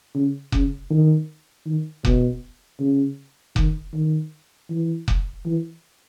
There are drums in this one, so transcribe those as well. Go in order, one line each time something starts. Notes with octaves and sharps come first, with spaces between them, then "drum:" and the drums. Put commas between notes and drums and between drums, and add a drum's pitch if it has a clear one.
C#3
C#3, drum: kick F1
D#3
D#3
B2, drum: kick F1
C#3
D#3, drum: kick F1
D#3
E3
drum: kick F1
E3